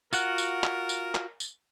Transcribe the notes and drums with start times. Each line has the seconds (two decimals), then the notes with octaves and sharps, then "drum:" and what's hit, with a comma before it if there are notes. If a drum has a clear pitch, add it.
0.13 F4 F#4 A#4 F#5, drum: tambourine
0.38 drum: tambourine
0.64 drum: clap
0.89 drum: tambourine
1.15 drum: clap
1.40 drum: tambourine